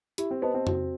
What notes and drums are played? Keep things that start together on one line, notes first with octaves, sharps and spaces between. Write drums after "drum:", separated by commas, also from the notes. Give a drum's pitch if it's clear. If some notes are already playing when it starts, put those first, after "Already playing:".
E4 G4, drum: hi-hat
C4
B3 C5 D#5 A5
C4
F#4, drum: tom F2